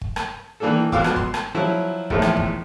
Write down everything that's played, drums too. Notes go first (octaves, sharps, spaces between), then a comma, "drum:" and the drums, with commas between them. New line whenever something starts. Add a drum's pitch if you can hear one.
drum: kick
drum: rim click
D#3 E3 A#3 D4 G#4 A4
G#1 F2 B3 F5 D6 E6, drum: kick
drum: rim click
C6, drum: kick
drum: rim click
F3 F#3 E4
A#1 E2 A2 D#3 F3 G#3, drum: kick
drum: rim click
drum: kick